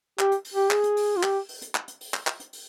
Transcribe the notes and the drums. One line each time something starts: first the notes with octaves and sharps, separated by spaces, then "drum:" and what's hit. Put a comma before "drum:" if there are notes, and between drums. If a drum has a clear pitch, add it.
G4, drum: clap
drum: hi-hat
drum: open hi-hat
G4
G#4, drum: clap
drum: hi-hat
drum: open hi-hat
F4
G4, drum: clap
drum: open hi-hat
drum: hi-hat
drum: clap
drum: hi-hat
drum: open hi-hat
drum: clap
drum: clap
drum: hi-hat
drum: open hi-hat